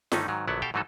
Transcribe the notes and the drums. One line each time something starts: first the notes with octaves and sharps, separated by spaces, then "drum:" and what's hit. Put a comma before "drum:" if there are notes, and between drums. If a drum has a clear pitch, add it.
G2 D3 D#3 A3 C#4 D#4, drum: snare
G#2 D#3 F#3
A#1 D3 F#3 B3 E4 F#5
B2 G4 A4 F5 G5
G#2 E3 F#3 A3 D#4 A4